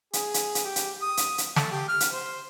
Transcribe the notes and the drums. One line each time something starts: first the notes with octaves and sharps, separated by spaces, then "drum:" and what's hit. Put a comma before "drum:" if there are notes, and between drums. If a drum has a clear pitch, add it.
G#4, drum: hi-hat
drum: hi-hat
drum: hi-hat
G4
drum: hi-hat
D#6
drum: hi-hat
drum: hi-hat
A3, drum: snare
G4
F6
drum: hi-hat
C5